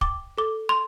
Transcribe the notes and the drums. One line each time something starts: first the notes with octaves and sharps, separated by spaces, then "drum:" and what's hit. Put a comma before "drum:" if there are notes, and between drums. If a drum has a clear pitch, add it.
G5 D6, drum: kick
A4 D6
C6